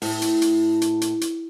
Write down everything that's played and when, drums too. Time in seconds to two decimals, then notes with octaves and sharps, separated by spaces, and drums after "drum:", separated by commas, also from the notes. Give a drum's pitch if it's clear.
0.02 A2, drum: open hi-hat
0.22 drum: hi-hat
0.42 drum: hi-hat
0.82 drum: hi-hat
1.01 drum: hi-hat
1.21 drum: hi-hat